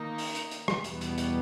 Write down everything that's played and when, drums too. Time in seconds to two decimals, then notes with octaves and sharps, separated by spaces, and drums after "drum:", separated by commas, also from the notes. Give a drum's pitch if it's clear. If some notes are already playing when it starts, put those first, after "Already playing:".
Already playing: D#3 A#3 D#4
0.18 drum: open hi-hat
0.35 drum: hi-hat
0.51 drum: hi-hat
0.68 drum: rim click
0.84 E2 B2 G3 B3, drum: hi-hat
1.01 drum: hi-hat
1.18 drum: hi-hat